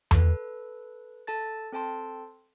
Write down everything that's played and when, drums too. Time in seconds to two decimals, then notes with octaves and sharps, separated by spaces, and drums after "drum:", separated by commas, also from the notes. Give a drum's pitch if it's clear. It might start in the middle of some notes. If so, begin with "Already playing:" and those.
0.11 A4 B4, drum: tom E2
1.27 A4 A5 A6
1.72 C4 A4 G5 A5 C6